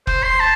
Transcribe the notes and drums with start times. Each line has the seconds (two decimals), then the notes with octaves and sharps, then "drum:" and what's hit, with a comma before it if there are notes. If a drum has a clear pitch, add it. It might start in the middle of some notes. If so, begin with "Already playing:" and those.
0.07 C5, drum: kick F1
0.24 C6
0.40 A5